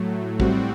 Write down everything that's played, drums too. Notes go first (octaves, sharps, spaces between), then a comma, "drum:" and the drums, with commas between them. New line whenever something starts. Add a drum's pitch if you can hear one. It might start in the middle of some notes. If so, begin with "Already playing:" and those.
Already playing: A2 F#3 A3
A2 G3 C4 F#4, drum: kick